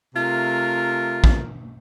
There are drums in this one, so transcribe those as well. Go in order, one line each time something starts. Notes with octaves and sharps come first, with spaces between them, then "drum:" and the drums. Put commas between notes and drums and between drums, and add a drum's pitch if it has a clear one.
C3 A3 F4 A#4
drum: kick